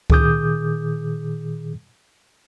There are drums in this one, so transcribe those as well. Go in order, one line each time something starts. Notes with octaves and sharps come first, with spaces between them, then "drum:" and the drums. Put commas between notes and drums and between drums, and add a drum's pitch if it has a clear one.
A#2 D#3 G#4 D6 D#6 G6, drum: kick C#2